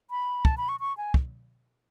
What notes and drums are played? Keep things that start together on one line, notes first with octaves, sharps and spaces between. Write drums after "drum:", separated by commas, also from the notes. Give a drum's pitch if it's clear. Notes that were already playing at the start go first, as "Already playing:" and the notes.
B5
A5, drum: kick
B5
C#6
C#6
G#5
drum: kick